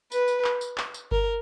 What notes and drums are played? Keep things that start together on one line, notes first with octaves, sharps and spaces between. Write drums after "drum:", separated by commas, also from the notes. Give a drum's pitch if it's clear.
B4, drum: tambourine
drum: tambourine
drum: clap
drum: tambourine
drum: clap
drum: tambourine
A#4, drum: kick G1